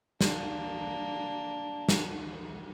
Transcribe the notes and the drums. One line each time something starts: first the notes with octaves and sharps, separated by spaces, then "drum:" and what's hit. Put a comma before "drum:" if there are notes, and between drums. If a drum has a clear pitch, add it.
A#3 D4, drum: snare
drum: snare